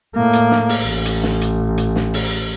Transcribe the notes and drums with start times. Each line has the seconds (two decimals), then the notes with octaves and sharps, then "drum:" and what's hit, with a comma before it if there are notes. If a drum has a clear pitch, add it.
0.15 A2 A#3
0.33 drum: hi-hat
0.51 drum: snare
0.69 drum: open hi-hat
0.83 A1
1.05 drum: hi-hat
1.23 drum: snare
1.41 drum: hi-hat
1.78 drum: hi-hat
1.96 drum: snare
2.14 drum: open hi-hat